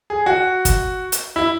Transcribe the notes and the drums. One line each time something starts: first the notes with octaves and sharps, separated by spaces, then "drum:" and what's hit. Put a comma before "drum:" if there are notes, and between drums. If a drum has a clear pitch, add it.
G#4
F#4
drum: kick, hi-hat
drum: hi-hat
E4